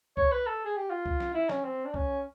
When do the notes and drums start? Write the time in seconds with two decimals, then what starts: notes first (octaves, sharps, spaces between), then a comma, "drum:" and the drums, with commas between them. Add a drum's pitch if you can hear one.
0.17 C#5, drum: kick C2
0.32 B4
0.47 A4
0.65 G#4
0.77 G4
0.90 F4
1.06 drum: kick C2
1.20 drum: snare
1.35 E4
1.49 C#4, drum: snare
1.65 C4
1.85 D4
1.94 C#4, drum: kick C2